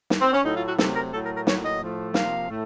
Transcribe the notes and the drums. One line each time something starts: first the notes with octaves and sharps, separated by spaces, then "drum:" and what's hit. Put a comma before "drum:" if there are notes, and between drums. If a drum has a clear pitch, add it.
drum: snare
C4
C#4
A2 F#3 A3 D#4
F4
F#4
C3 F#3 A3 A4, drum: snare
A#4
A2 F#3 A3 A4
A#4
A#4
A2 F#3 A#3 C#5, drum: snare
D#5
A2 F3 A3
C3 F3 A#3 F5, drum: snare
A2 A3